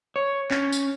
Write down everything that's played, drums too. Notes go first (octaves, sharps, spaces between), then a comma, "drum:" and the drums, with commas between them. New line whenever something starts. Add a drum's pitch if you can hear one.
C#5
C#4, drum: clap
drum: tambourine